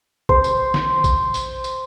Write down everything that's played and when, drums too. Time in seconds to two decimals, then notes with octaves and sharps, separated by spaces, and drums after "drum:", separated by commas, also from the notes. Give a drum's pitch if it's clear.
0.29 C5, drum: kick A#1
0.44 drum: tambourine
0.74 drum: snare
1.04 drum: kick A#1, tambourine
1.34 drum: tambourine
1.64 drum: tambourine